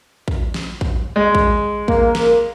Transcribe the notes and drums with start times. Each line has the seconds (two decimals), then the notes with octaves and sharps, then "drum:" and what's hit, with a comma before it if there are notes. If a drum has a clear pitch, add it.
0.28 drum: kick
0.54 drum: snare
0.81 drum: kick
1.16 G#3
1.35 drum: kick
1.88 A#3, drum: kick
2.15 drum: snare